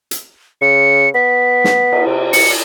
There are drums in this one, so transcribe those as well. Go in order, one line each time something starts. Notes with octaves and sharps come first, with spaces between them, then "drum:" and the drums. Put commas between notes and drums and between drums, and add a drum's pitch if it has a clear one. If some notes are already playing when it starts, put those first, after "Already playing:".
drum: hi-hat
C#3 C#7
B3 B6
drum: snare
drum: cymbal
C3
C#7, drum: open hi-hat